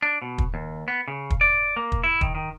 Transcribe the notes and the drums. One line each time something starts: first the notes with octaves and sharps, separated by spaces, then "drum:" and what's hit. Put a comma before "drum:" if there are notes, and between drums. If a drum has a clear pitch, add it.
D4
B2
drum: kick
D#2
B3
C#3
drum: kick
D5
A#3
drum: kick
E4
D#3, drum: kick
D#3